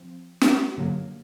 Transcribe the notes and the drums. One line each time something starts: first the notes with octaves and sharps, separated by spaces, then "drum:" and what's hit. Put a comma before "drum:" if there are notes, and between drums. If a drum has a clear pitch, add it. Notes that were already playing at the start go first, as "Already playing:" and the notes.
Already playing: F3 C4
drum: snare
G2 D3 F#3 A#3